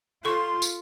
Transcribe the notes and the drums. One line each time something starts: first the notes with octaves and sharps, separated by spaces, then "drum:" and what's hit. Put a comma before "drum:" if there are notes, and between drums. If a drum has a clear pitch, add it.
F4 A4 C6 C#6
drum: tambourine